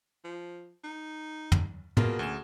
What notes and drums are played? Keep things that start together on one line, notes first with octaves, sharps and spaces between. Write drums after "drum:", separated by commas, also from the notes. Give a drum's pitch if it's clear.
F3
D#4
drum: tom
B2 A#3 F4 G#4, drum: tom
D2 C#4 E7